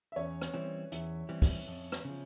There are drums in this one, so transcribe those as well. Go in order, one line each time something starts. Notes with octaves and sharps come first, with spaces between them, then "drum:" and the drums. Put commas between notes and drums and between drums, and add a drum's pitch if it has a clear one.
E5
E2 C#4 C#5
drum: rim click
E3 G3 C4
E2 E4 E5, drum: hi-hat
E3 G3 C4
drum: kick, open hi-hat
F2
drum: rim click
C#3
F3